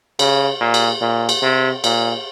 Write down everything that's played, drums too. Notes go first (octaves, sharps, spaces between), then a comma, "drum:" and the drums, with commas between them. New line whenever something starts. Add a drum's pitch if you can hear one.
C#3, drum: cymbal
A#2
drum: cymbal
A#2
drum: cymbal
C3
A#2, drum: cymbal